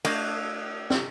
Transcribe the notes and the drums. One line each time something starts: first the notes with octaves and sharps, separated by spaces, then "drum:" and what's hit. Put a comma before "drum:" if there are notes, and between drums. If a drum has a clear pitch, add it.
A3 D4 D#5 F5, drum: cymbal
drum: snare